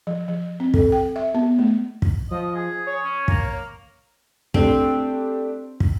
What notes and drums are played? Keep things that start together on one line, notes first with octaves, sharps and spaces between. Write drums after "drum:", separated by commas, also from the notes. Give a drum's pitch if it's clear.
F3
F3
C4
A4, drum: kick
G5
E5
B3
A3
drum: kick
F3 D#5
G#4
C#5
C#4
A#3, drum: kick
A3 C4 D4 G4, drum: kick
drum: kick